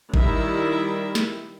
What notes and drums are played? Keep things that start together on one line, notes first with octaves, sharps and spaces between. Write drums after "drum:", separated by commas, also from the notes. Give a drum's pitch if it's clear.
D#3 G3 E4 E5, drum: kick G#1
drum: snare